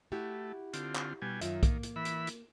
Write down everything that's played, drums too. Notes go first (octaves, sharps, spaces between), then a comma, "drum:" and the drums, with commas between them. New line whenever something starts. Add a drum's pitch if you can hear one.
A3 E4 F#4 G4
D3 C4 F4, drum: hi-hat
drum: clap
B2 G3 G#5
F#2 D#3 F4 E5, drum: hi-hat
A#3, drum: kick B1, hi-hat
drum: hi-hat
E3 E5 B5
drum: hi-hat
drum: hi-hat